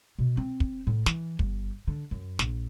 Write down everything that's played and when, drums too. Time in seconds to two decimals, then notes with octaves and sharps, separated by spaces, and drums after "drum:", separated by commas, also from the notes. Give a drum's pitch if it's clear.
0.19 B2
0.37 C4
0.60 drum: kick
0.87 A2
1.06 E3, drum: snare
1.39 G1, drum: kick
1.87 D3
2.11 F#2
2.39 A#1, drum: snare